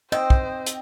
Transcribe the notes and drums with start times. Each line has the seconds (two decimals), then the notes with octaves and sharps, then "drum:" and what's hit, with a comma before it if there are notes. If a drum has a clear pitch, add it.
0.12 C4 C5 D#5 G5
0.30 drum: kick
0.66 drum: hi-hat